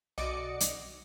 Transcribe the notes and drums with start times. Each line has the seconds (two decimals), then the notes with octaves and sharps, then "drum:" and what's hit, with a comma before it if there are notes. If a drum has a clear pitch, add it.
0.18 B1 F#4 D5 D#5 D6 C#7
0.60 drum: hi-hat